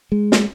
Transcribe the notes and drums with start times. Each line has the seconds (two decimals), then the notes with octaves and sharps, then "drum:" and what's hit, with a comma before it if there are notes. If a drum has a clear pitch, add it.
0.12 G#3
0.32 drum: snare